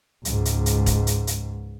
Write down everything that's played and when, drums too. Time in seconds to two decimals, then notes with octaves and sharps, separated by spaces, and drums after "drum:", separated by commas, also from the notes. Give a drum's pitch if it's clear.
0.25 C#2 G#2, drum: hi-hat
0.45 drum: hi-hat
0.66 drum: hi-hat
0.86 drum: kick E1, hi-hat
1.07 drum: hi-hat
1.27 drum: hi-hat